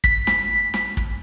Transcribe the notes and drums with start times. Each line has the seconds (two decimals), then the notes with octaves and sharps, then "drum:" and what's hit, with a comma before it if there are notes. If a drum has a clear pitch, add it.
0.04 B6, drum: kick
0.27 drum: snare
0.74 drum: snare
0.97 drum: kick